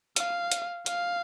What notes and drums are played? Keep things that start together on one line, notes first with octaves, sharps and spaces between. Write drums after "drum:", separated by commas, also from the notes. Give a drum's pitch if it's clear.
F5, drum: hi-hat
drum: hi-hat
F5, drum: hi-hat